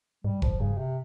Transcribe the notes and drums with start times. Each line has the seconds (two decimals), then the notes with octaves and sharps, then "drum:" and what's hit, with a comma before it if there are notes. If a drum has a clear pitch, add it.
0.24 G#2 G3
0.42 G2 F3, drum: kick F1
0.60 G2 C#3
0.78 C3